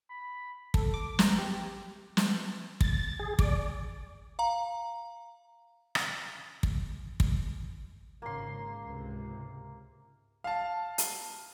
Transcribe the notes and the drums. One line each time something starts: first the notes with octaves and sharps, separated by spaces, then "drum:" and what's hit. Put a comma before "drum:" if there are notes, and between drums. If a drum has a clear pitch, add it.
B5
A4, drum: kick
D6
A#5, drum: snare
G4
drum: snare
A6, drum: kick
G#4
D5, drum: kick
F5 A#5
drum: rim click
drum: kick
drum: kick
G#1 C#3 A#3 C6
C#2 G#2 C3
F5 A5
drum: hi-hat